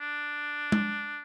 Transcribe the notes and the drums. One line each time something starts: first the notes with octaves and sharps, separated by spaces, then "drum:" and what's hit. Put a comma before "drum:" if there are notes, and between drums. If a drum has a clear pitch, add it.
D4
drum: tom